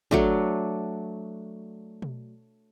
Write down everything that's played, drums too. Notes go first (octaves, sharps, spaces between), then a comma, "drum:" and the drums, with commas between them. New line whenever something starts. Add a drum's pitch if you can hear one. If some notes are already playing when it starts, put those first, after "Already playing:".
F#3 A3 D4, drum: kick
drum: tom B2